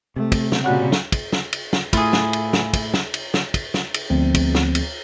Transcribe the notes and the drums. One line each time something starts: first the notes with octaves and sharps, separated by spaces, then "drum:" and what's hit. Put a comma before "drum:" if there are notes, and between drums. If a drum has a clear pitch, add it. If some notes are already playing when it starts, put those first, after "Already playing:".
C3 A3
drum: kick, cymbal
drum: snare
A#2 C#3 G3 C#4 F#4 F#5
drum: snare
drum: kick, cymbal
drum: snare
drum: cymbal
drum: snare
A2 A3 E4 F4 G#4, drum: kick, cymbal
drum: snare
drum: cymbal
drum: snare
drum: kick, cymbal
drum: snare
drum: cymbal
drum: snare
drum: kick, cymbal
drum: snare
drum: cymbal
D2 F3 B3 C4
drum: kick, cymbal
drum: snare
drum: cymbal